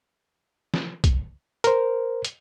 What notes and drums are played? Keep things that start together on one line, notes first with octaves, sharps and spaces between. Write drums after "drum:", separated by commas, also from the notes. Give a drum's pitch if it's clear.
drum: snare
drum: kick B1, hi-hat
A#4 C5, drum: hi-hat
drum: hi-hat